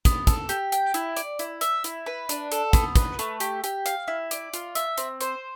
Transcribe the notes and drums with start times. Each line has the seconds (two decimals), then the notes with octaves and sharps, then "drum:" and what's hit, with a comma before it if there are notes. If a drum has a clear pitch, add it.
0.05 B3, drum: kick, hi-hat
0.27 A4, drum: kick, hi-hat
0.49 G4, drum: hi-hat
0.72 G5, drum: hi-hat
0.94 E4, drum: hi-hat
1.17 D5, drum: hi-hat
1.39 E4, drum: hi-hat
1.61 E5, drum: hi-hat
1.84 E4, drum: hi-hat
2.06 B4
2.29 D4, drum: hi-hat
2.52 A4, drum: hi-hat
2.73 B3, drum: kick, hi-hat
2.96 B4, drum: kick, hi-hat
3.19 A3, drum: hi-hat
3.40 G4, drum: hi-hat
3.64 G4, drum: hi-hat
3.86 F5, drum: hi-hat
4.08 E4
4.31 D5, drum: hi-hat
4.54 F4, drum: hi-hat
4.75 E5, drum: hi-hat
4.98 C4, drum: hi-hat
5.21 C5, drum: hi-hat